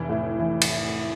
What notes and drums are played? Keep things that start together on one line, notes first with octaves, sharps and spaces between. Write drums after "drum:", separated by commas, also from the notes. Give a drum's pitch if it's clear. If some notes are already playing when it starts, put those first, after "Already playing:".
Already playing: F1 E3
A2
E3
drum: cymbal